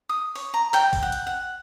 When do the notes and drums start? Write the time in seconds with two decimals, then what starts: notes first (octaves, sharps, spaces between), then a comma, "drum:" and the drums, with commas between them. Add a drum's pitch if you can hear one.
0.09 D#6
0.35 C#5, drum: open hi-hat
0.54 A#5
0.74 G5, drum: clap
0.93 drum: kick A1, open hi-hat
1.03 F#5
1.12 drum: hi-hat
1.27 F#5